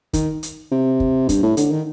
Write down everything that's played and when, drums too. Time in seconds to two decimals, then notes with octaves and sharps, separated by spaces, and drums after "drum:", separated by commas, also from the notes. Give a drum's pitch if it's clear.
0.13 D#3, drum: kick, hi-hat
0.43 drum: hi-hat
0.72 C3
1.00 drum: kick
1.29 G2, drum: kick, hi-hat
1.43 A2
1.57 D3, drum: hi-hat
1.71 D#3